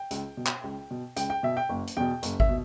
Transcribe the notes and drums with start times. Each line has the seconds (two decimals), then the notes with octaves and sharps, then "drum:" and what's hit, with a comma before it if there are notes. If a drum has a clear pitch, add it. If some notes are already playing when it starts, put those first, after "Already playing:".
Already playing: G5
0.11 C#2, drum: hi-hat
0.37 B2
0.47 drum: clap
0.64 C#2
0.91 B2
1.16 C#2 G5, drum: hi-hat
1.30 G5
1.43 B2 E5
1.57 G5
1.69 F#1
1.87 drum: hi-hat
1.97 E2 B2 G5
2.23 F#1, drum: hi-hat
2.40 E5, drum: kick G#1
2.49 B2